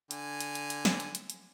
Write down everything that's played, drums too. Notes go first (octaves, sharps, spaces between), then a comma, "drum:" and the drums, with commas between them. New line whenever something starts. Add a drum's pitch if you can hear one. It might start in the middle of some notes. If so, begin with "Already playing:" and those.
D3 G#5, drum: hi-hat
drum: hi-hat
drum: hi-hat
drum: hi-hat
drum: snare
drum: hi-hat
drum: hi-hat
drum: hi-hat